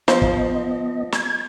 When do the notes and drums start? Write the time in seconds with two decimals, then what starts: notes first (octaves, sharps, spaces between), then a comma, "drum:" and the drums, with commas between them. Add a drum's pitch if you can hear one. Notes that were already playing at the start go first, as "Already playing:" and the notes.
0.08 F3 B3 C5 D#5, drum: snare
0.22 drum: kick
1.12 G#6, drum: snare